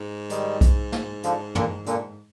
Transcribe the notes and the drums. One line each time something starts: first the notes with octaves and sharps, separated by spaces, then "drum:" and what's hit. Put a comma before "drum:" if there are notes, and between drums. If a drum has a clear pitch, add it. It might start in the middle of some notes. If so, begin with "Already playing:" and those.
Already playing: G#2
D#3 G3, drum: hi-hat
drum: kick B1, hi-hat
drum: snare
D3 F3, drum: hi-hat
A#2 D3, drum: tom
A#2 D3, drum: hi-hat